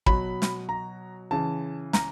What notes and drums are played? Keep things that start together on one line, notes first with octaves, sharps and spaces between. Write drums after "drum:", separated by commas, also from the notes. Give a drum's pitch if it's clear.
B2 F#3 B5, drum: kick
drum: snare
A#5
C#3 E3 A5
A#5, drum: snare